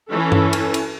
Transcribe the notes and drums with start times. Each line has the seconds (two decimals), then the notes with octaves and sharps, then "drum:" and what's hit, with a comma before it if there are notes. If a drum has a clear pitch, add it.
0.11 E3 C#4 A4
0.32 drum: tom G2
0.53 drum: cymbal
0.74 drum: cymbal